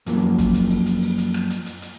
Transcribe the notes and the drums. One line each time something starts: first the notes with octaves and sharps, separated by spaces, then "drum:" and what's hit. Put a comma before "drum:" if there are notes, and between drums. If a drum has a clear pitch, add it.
F#2 F3 A#3, drum: hi-hat
drum: kick, hi-hat
drum: hi-hat
drum: open hi-hat
drum: hi-hat
drum: open hi-hat
drum: hi-hat
drum: rim click
drum: hi-hat
drum: hi-hat
drum: hi-hat